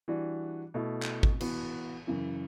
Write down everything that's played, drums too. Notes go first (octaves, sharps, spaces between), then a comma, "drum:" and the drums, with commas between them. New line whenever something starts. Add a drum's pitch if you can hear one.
E3 G3 D4 F#4
B2 A3 E4
drum: clap
drum: kick G#1
E3 B3 F#4, drum: cymbal
F#2 C#3 E3